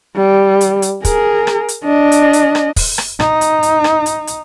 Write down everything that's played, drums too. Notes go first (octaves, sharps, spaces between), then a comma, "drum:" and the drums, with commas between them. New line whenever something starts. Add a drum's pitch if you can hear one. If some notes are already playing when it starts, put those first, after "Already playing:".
G3
drum: hi-hat
drum: hi-hat
G#4 A#4, drum: kick, hi-hat
drum: rim click
drum: hi-hat
D4 D#5
drum: hi-hat
drum: hi-hat
drum: rim click
drum: kick, open hi-hat
drum: rim click
D#4, drum: rim click
drum: hi-hat
drum: hi-hat
drum: rim click
drum: hi-hat
drum: hi-hat